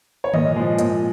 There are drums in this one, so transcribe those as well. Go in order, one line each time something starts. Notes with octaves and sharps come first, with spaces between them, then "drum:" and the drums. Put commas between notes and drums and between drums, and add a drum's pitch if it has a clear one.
C#5
A#2 D#5, drum: tom D3
F3 G#3
A#2 D#5, drum: hi-hat